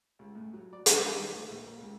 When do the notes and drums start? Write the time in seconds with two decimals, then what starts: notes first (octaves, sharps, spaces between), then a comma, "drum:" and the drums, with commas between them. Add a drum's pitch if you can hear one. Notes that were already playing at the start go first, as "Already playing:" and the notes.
0.19 C#2
0.35 A2
0.54 F#3
0.73 D5
0.86 C#2, drum: hi-hat
1.02 C2
1.16 D#3
1.33 D2
1.48 A#1
1.67 A#3
1.80 C#2